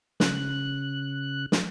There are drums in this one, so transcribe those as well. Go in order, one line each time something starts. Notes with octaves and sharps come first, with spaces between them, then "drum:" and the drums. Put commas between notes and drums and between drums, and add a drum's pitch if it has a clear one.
C#3 F#6, drum: snare
drum: snare